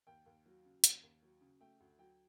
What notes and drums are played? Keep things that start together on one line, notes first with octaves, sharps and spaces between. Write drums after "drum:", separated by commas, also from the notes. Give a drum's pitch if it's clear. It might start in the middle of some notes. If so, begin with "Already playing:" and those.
D#2 G5
D#2
F#3
C#3
D#2, drum: hi-hat
D#2
F#3
C#3
A3 G5
D2
F#3 G5